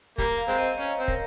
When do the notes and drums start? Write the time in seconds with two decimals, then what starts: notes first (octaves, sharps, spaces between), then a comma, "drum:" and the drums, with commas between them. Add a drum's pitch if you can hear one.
0.18 G3 A#3 A#5, drum: kick
0.38 F5
0.48 G#3 C4
0.58 D#5
0.78 C#4 C#5
0.98 C4
1.08 A#4, drum: kick